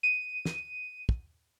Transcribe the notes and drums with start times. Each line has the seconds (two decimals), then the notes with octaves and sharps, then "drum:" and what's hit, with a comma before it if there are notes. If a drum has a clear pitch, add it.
0.03 D#7
0.45 drum: snare
1.09 drum: kick